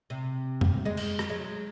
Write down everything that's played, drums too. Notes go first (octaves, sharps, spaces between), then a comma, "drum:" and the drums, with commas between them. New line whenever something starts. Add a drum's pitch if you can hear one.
C3
drum: tom F2
G#3 D#4
drum: cymbal
drum: rim click
F#3 G#3